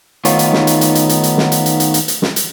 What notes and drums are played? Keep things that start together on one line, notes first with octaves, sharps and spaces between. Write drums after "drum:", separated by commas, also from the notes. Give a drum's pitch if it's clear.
D#3 A3 B3 D#4 F4 C#5, drum: hi-hat
drum: hi-hat
drum: snare
drum: hi-hat
drum: hi-hat
drum: hi-hat
drum: hi-hat
drum: hi-hat
drum: snare
drum: hi-hat
drum: hi-hat
drum: hi-hat
drum: hi-hat
drum: hi-hat
drum: snare
drum: hi-hat